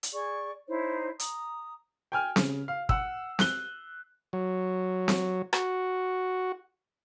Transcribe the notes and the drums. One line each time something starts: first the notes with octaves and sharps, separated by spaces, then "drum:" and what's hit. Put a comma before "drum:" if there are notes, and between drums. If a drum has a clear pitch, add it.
drum: hi-hat
G#4 D5 C#6
D#4 E4 C5 C#5
A#5 D#6, drum: hi-hat
G5 G#5 F6
C#3, drum: snare C4
F5
F#5 E6, drum: kick
F#6 G7, drum: snare C4
F#3
drum: snare C4
F#4, drum: rim click